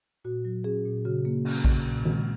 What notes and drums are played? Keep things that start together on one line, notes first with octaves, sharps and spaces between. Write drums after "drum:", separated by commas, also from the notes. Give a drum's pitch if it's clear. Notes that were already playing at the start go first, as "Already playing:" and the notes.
A#2 F#4
F#3
C#4 G#4
A#2
C#3 F#4
A#3
C#4, drum: cymbal
C#3, drum: kick A1
A#2
G#3, drum: tom D#3